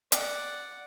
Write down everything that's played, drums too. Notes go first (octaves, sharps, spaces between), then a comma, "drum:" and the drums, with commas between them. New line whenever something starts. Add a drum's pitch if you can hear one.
D5 F#5, drum: hi-hat